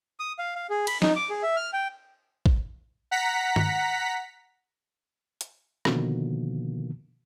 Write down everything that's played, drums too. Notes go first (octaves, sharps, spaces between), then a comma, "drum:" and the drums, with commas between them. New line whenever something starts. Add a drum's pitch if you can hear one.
D#6
F5
F5
G#4
B5, drum: cymbal
D#4, drum: snare
D6
G#4
E5
F6
G5
drum: kick A1
F#5 A#5 B6
drum: tom
drum: hi-hat
B2 D3 D#3 F3 A#3, drum: rim click